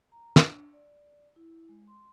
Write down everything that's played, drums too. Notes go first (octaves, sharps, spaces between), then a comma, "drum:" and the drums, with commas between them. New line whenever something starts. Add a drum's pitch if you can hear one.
A#5
D4, drum: snare
D5
E4
G#3
C6